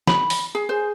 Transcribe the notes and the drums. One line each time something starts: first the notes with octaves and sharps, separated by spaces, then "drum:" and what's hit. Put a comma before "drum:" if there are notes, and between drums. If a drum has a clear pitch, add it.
B5, drum: snare
drum: open hi-hat
G#4
G#4 C5